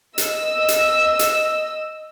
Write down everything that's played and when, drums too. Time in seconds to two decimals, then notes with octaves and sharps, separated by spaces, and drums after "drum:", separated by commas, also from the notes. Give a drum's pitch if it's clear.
0.18 D#5 E6, drum: hi-hat
0.68 drum: hi-hat
1.19 drum: hi-hat